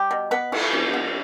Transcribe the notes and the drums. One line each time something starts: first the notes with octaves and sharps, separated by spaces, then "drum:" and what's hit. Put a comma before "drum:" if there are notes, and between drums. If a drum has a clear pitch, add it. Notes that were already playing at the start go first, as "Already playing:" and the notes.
Already playing: G3 G4
B2
B3 B4
E3, drum: cymbal
E3, drum: cymbal
B3